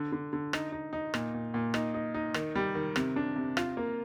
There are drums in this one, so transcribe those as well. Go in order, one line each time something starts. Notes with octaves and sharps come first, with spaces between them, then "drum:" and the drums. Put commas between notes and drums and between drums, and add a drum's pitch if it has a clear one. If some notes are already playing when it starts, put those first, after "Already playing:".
Already playing: D3
D3
D3
D#4, drum: rim click
D#4
D#4
A#2, drum: rim click
A#2
A#2
D#4, drum: rim click
D#4
D#4
D#3, drum: rim click
G3
D#3
C3, drum: rim click
D4
C3
F4, drum: rim click
A#3